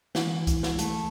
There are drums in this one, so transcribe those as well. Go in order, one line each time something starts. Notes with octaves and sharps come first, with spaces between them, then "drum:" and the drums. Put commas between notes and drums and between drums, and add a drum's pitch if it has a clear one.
E3, drum: snare
drum: kick C2, hi-hat
drum: snare
A3, drum: hi-hat